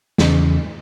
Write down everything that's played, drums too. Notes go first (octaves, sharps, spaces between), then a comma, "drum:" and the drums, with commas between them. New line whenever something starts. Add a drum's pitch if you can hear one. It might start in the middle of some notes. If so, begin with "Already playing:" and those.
E2 C#3, drum: snare